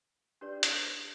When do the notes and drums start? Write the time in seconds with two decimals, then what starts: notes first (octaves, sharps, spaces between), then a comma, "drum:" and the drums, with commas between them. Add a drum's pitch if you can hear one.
0.41 D4 G4 B4 D5
0.63 drum: hi-hat